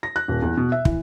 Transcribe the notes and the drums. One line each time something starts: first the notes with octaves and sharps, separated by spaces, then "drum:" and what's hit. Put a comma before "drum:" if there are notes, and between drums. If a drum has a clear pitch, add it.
A#6
F#6
D#1
E2
B2
E5
E3, drum: kick